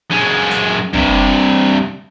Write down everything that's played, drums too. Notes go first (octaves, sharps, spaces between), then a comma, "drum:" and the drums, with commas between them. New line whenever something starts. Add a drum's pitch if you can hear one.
F#2 G#3
drum: hi-hat
G2 C3, drum: kick